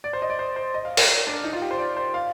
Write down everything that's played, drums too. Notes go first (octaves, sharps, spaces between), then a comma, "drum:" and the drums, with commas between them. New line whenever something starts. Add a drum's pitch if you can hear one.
D5
C5
D#5
D5
C5
C5
D#5
F5
A#4, drum: open hi-hat
D4
D#4
F4
G4
C5
D5
C5
F5